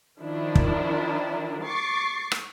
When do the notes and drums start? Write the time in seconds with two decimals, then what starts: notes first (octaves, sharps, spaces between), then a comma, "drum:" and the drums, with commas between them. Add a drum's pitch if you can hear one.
0.20 D#3 F3 D4 E4
0.55 drum: kick
1.65 C#6 D6 A6 C7
2.32 drum: rim click